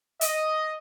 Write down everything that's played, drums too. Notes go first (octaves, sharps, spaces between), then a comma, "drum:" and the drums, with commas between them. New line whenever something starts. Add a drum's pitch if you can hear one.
D#5, drum: hi-hat